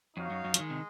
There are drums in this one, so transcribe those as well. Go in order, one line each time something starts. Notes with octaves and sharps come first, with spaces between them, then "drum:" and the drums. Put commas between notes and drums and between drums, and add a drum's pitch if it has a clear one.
F2 D#4 F#4 C#5 F5
F#2
F#2
F3, drum: hi-hat
D#3 G#3
C3